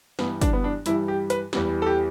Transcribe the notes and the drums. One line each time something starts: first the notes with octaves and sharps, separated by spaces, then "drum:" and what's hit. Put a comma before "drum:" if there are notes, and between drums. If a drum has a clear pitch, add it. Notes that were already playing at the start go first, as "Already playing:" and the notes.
G2 E3 G3 B3, drum: snare
D4, drum: kick, hi-hat
B3
D4
G2 E3 G3 E4, drum: hi-hat
G4
B4, drum: hi-hat
E2 E3 G3, drum: snare
A4
G4